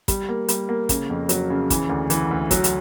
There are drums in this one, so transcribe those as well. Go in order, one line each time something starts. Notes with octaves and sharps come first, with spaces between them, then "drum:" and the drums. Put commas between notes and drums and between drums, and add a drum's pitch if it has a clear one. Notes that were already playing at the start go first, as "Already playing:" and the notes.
G3, drum: kick, hi-hat
A#3
G3, drum: hi-hat
A#3
C#3, drum: kick, hi-hat
F2
F#3, drum: hi-hat
C#3
E3, drum: kick, hi-hat
D2
E3, drum: hi-hat
D2
F#3, drum: kick, hi-hat
drum: hi-hat